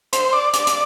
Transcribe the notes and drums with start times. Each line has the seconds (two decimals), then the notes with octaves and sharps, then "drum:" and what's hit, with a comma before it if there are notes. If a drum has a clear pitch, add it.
0.13 C5, drum: hi-hat
0.33 D5
0.53 D5, drum: hi-hat
0.67 drum: hi-hat